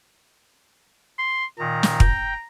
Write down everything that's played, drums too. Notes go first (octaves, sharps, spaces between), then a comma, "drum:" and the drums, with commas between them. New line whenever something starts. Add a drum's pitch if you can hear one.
C6
A#2 D#3 A#5
drum: snare
G5, drum: kick